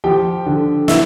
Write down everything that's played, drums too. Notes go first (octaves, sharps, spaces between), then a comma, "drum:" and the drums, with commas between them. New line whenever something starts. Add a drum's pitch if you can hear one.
F3 G4 G5
D3
E4 E5, drum: snare